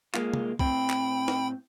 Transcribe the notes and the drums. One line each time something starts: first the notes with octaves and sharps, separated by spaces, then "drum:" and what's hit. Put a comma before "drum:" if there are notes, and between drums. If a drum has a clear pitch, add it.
G#3 A#3 F4, drum: clap
drum: tom
A2 C4 G5 B5, drum: kick C2
drum: clap
drum: snare